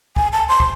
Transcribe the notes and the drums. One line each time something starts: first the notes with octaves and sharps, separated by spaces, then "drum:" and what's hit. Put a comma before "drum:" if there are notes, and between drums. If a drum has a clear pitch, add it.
G#5, drum: kick
A5
C6
drum: kick